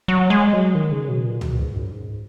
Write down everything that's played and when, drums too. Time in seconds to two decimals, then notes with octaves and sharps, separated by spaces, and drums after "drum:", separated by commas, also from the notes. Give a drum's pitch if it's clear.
0.08 F#3
0.30 G#3
0.53 F#3
0.75 D#3
0.92 C#3
1.09 B2
1.25 A#2
1.41 B2, drum: tom C#2
1.58 G#2
1.75 F#2
1.92 G#2